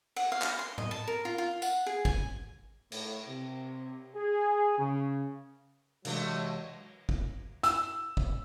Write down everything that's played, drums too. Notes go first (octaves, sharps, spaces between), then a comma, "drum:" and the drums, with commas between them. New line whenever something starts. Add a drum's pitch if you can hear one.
F#5, drum: cymbal
F5
drum: clap
C6
D#5, drum: tom A2
A5
A#4
F4
F4
F#5, drum: tambourine
G#4
G#5, drum: kick
A2, drum: cymbal
C3
G#4
C#3
G2 C3 E3 F#3 G#3 A3, drum: cymbal
drum: kick
E6, drum: hi-hat
drum: kick